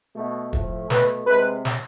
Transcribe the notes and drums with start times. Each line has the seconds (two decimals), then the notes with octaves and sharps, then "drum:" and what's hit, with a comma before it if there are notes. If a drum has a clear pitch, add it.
0.16 B2 A3
0.53 A2 F3 A3, drum: kick
0.90 B2 A3 B4, drum: snare
1.27 C3 G#3 B4
1.65 drum: snare